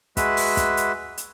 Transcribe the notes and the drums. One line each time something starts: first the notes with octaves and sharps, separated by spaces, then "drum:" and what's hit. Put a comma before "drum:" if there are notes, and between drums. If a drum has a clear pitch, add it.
G#3 F#4 B4 E5, drum: kick, hi-hat
drum: open hi-hat
drum: kick, hi-hat
drum: hi-hat
drum: hi-hat